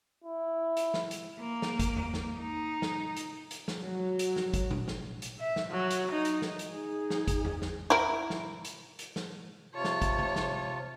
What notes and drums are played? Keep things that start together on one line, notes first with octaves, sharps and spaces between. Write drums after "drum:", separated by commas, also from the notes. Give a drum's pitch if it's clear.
E4
drum: hi-hat
drum: snare
drum: hi-hat
A#3
drum: snare
drum: kick G#1, hi-hat
drum: tom E2
drum: snare
D#4
drum: snare
drum: hi-hat
drum: hi-hat
drum: snare
F#3
drum: hi-hat
drum: snare
drum: kick G#1, hi-hat
drum: tom A#2
drum: snare
drum: hi-hat
E5
drum: snare
F#3
drum: hi-hat
D#4
drum: hi-hat
drum: snare
drum: hi-hat
D#4 G#4
drum: snare
drum: kick G#1, hi-hat
drum: tom E2
drum: snare
E4 A#4
drum: snare
drum: hi-hat
drum: hi-hat
drum: snare
C3 F4 C#5 A5
drum: snare
drum: kick G#1, hi-hat
drum: tom C3
drum: snare